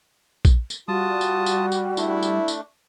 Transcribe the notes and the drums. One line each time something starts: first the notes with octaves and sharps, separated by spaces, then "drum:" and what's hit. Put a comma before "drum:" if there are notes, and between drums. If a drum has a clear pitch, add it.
drum: kick A#1, tambourine
drum: tambourine
G3 F4 F#4 A5 D#6
drum: tambourine
drum: tambourine
drum: tambourine
A3 D4 E4, drum: tambourine
drum: tambourine
drum: tambourine